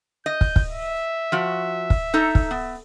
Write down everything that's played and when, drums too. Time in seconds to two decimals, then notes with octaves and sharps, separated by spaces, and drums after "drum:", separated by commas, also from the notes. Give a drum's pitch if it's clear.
0.26 D#5 G6
0.41 drum: kick
0.56 drum: kick
0.70 E5
1.32 F3 F#4
1.90 drum: kick
2.14 D#4 A4 A#5
2.35 drum: kick
2.51 B3